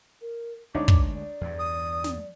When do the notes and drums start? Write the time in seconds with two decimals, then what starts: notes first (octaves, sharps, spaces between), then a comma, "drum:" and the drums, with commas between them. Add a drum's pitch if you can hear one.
0.21 A#4
0.75 D2 G#3 D4 D#4 C#5 D6
0.88 drum: kick
1.14 D5
1.41 E2 G2
1.59 D#6
2.04 drum: snare